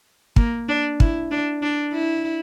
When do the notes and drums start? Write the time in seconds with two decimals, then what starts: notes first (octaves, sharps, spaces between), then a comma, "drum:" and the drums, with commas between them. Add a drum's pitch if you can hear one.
0.36 A#3, drum: kick
0.68 D4
1.00 E4, drum: kick
1.31 D4
1.62 D4
1.93 E4